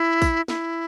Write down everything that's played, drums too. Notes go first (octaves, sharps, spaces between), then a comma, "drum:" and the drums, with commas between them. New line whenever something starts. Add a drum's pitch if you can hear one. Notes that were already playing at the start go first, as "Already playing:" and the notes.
Already playing: E4
drum: kick, tambourine
E4, drum: snare